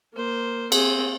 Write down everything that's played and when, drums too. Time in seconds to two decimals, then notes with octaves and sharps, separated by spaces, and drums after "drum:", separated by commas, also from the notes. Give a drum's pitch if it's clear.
0.14 A#3 C5
0.72 C4 G#4, drum: cymbal